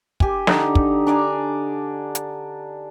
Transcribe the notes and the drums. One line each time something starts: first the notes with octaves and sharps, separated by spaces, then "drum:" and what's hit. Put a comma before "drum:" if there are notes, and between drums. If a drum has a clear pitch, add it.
G4 G#5, drum: kick
D3 D#4, drum: snare
drum: kick
D4 D5 G#5 A#5
drum: hi-hat